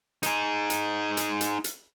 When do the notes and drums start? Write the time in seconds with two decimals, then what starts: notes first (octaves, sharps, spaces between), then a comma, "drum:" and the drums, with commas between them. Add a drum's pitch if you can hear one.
0.23 D#4 G#4, drum: hi-hat
0.70 drum: hi-hat
1.17 drum: hi-hat
1.41 drum: hi-hat
1.64 drum: hi-hat